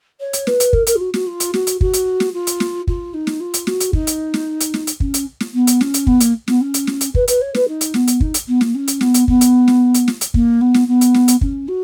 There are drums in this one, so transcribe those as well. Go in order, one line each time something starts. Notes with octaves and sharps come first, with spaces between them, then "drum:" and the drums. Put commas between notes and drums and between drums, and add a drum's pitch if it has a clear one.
C#5
drum: hi-hat
B4, drum: snare
drum: hi-hat
A#4, drum: kick
A#4, drum: hi-hat
F4
F#4
F#4, drum: snare
F4
drum: hi-hat
F#4, drum: snare
drum: hi-hat
F#4, drum: kick
drum: hi-hat
drum: snare
F4
drum: hi-hat
drum: snare
F4, drum: kick
D#4
drum: snare
F4
drum: hi-hat
F#4, drum: snare
drum: hi-hat
D#4, drum: kick
drum: hi-hat
drum: snare
drum: hi-hat
drum: snare
drum: hi-hat
C#4, drum: kick
drum: hi-hat
drum: snare
B3
drum: hi-hat
C#4, drum: snare
drum: hi-hat
B3, drum: kick
A#3, drum: hi-hat
B3, drum: snare
C#4
drum: hi-hat
drum: snare
drum: hi-hat
B4, drum: kick
B4, drum: hi-hat
C#5
B4, drum: snare
D#4
drum: hi-hat
B3, drum: snare
drum: hi-hat
D#4, drum: kick
drum: hi-hat
B3
A#3, drum: snare
C#4
drum: hi-hat
B3, drum: snare
drum: hi-hat
B3, drum: kick
drum: hi-hat
drum: snare
drum: hi-hat
drum: snare
drum: hi-hat
A#3, drum: kick
B3
drum: snare
B3
drum: hi-hat
drum: snare
drum: hi-hat
C#4, drum: kick
F#4